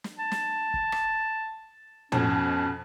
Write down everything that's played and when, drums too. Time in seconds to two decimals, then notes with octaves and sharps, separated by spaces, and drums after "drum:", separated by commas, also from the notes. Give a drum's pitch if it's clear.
0.04 drum: snare
0.19 A5
0.31 drum: snare
0.74 drum: kick
0.92 drum: rim click
2.12 F2 B2 C#4, drum: tom